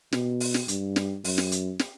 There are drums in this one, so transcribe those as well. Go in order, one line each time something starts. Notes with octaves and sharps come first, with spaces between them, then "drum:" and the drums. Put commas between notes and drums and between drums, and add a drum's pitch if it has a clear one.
B2, drum: snare
drum: open hi-hat
drum: snare
G2, drum: hi-hat
drum: snare
F#2, drum: open hi-hat
drum: snare
drum: hi-hat
drum: snare